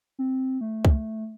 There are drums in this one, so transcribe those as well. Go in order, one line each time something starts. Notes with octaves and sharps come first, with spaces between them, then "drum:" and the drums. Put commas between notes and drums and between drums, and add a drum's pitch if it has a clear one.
C4
A3
drum: kick C2